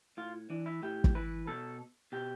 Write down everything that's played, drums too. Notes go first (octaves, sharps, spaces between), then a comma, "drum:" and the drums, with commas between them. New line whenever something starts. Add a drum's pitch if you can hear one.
A2 F4
E3 D4
E4
A2 G4
drum: kick
E3 B4
B2 A4
B2 G4